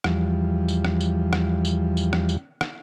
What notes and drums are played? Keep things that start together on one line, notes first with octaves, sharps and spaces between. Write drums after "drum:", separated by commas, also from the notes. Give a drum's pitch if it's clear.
E2 F3 G3, drum: rim click
drum: tambourine
drum: rim click
drum: tambourine
drum: rim click
drum: tambourine
drum: tambourine
drum: rim click
drum: tambourine
drum: rim click